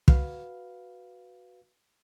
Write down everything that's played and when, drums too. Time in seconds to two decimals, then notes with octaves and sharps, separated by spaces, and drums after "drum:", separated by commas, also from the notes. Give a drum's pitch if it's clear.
0.08 F#4 B4 F5, drum: kick